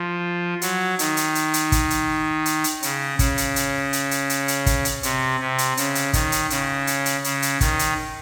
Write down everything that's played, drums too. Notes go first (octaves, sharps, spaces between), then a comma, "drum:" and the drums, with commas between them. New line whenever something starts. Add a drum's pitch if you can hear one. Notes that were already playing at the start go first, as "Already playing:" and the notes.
Already playing: F3
F#3, drum: hi-hat
D#3, drum: hi-hat
drum: hi-hat
drum: hi-hat
drum: hi-hat
drum: kick, hi-hat
drum: hi-hat
drum: hi-hat
drum: hi-hat
C#3, drum: hi-hat
C#3, drum: kick, hi-hat
drum: hi-hat
drum: hi-hat
drum: hi-hat
drum: hi-hat
drum: hi-hat
drum: hi-hat
drum: kick, hi-hat
drum: hi-hat
C3, drum: hi-hat
C3
drum: hi-hat
C#3, drum: hi-hat
drum: hi-hat
D#3, drum: kick, hi-hat
drum: hi-hat
C#3, drum: hi-hat
drum: hi-hat
drum: hi-hat
C#3, drum: hi-hat
drum: hi-hat
D#3, drum: kick, hi-hat
drum: hi-hat